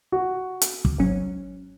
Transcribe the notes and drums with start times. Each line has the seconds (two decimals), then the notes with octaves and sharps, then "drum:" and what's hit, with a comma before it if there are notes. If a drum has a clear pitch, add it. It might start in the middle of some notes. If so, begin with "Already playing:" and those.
0.12 F#4
0.61 drum: hi-hat
0.85 drum: kick
0.98 G#1 G#2 F#3 C#4